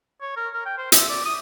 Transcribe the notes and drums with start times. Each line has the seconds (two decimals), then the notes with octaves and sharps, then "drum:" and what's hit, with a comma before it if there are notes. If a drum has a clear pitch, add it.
0.21 C#5
0.37 A#4
0.54 A#4
0.66 G5
0.78 C5
0.92 E5, drum: hi-hat
1.09 D5
1.25 D#6